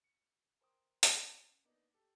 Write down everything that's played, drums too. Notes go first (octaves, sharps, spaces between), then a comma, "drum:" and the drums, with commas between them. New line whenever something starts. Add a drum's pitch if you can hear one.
C#7
A#4 C5 G5 C6 D#6
C#4, drum: hi-hat
A#3 B3 D4 D#4
G4 A4